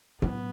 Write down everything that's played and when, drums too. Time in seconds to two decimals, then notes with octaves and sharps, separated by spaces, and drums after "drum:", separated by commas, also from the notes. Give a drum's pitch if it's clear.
0.22 F#3 B3, drum: tom A2